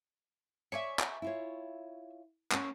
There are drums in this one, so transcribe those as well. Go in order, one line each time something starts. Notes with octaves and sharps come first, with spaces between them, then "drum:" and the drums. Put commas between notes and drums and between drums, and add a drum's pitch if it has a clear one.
C#5 D5 E5 G#5 C#6
drum: clap
E4 F4 C#5
A#3 C#4, drum: clap